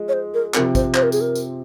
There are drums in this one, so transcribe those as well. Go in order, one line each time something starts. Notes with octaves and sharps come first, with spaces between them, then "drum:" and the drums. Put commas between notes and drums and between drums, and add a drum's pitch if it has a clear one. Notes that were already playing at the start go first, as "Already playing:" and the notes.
Already playing: F3 G#3
C#5
C5
A#4
C3 F3 C4 A#4, drum: clap
C5, drum: kick, tambourine
C5, drum: clap
A#4
G#4, drum: tambourine
A#4
drum: tambourine